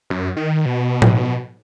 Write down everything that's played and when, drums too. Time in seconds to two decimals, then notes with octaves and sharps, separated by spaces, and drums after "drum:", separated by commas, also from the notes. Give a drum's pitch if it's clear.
0.10 F#2
0.37 D#3
0.66 B2
1.02 drum: tom A2